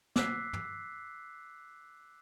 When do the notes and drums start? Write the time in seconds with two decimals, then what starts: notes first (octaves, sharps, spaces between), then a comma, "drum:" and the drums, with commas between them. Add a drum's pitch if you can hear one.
0.16 D6 E6 F#6 B6 C7, drum: snare
0.53 drum: tom